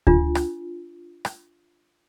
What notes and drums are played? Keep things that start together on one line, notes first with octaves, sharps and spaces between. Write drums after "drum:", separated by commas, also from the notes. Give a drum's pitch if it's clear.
D4 F4, drum: kick D2
drum: rim click
drum: rim click